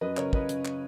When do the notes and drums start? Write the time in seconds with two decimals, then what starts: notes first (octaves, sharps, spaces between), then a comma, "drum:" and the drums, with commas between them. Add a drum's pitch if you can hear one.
0.01 F#2 B4 D#5
0.17 C#3 A#4 C#5, drum: clap
0.33 F#2 B4 D#5, drum: kick
0.49 C#3, drum: hi-hat
0.65 drum: clap